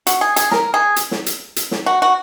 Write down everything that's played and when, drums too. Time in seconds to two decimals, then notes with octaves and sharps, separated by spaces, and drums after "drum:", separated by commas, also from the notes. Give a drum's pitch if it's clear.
0.07 F#4, drum: hi-hat
0.21 G#4
0.36 G#4, drum: hi-hat
0.51 A#4, drum: snare
0.74 G#4
0.96 drum: hi-hat
1.11 drum: snare
1.26 drum: hi-hat
1.56 drum: hi-hat
1.71 drum: snare
1.86 F#4
2.02 F#4